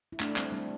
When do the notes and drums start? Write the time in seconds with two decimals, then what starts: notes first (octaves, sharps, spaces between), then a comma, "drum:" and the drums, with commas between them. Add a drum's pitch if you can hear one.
0.12 E4
0.20 A3 D4, drum: clap
0.36 G3 C4, drum: clap
0.52 G3 C4